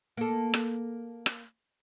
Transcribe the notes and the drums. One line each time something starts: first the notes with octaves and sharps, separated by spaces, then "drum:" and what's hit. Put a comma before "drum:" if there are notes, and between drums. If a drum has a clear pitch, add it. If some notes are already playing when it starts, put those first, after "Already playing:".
A#3 A4
drum: rim click
drum: rim click